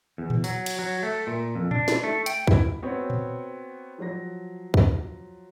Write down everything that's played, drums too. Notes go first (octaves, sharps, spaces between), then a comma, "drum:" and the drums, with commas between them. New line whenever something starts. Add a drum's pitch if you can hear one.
E2
drum: tom
F#3, drum: open hi-hat
drum: cymbal
F#3
A3
A#2
F2
D4, drum: tom
drum: snare
A3
G5, drum: hi-hat
E4, drum: kick
B3 C4 F#4 C#5
drum: tom
F3 F#3 A#6
drum: kick